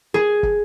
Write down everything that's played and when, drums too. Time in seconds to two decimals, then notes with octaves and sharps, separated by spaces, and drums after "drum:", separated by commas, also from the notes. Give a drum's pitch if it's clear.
0.14 G#4
0.43 drum: kick